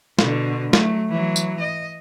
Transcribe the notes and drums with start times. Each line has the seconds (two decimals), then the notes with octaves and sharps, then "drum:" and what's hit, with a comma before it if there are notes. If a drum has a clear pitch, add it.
0.19 B2 D3, drum: snare
0.73 F#3 A3, drum: snare
1.09 E3 F#3
1.36 drum: tambourine
1.60 D#5